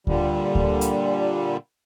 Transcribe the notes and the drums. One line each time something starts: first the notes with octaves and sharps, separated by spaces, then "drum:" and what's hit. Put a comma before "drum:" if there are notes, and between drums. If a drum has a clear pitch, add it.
A#2 D3 G3, drum: kick D2
drum: kick D2
drum: hi-hat